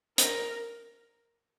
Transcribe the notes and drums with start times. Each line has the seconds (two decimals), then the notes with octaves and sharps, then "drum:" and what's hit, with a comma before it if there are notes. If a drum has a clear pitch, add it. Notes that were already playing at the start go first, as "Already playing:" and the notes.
0.18 A#4, drum: hi-hat